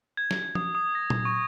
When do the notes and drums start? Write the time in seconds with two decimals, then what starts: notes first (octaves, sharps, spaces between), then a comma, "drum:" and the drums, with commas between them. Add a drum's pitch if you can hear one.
0.17 G#6
0.31 drum: snare
0.55 D#6, drum: tom
0.75 D#6
0.95 A#6
1.10 drum: tom A#2
1.25 C#6